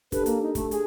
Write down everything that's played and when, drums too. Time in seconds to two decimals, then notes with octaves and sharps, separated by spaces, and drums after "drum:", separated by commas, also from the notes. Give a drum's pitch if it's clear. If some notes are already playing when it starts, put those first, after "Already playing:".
0.12 D4 G4 A4 B4, drum: kick, hi-hat
0.26 A#3, drum: hi-hat
0.42 D#4
0.55 A3, drum: kick, hi-hat
0.71 G#4, drum: hi-hat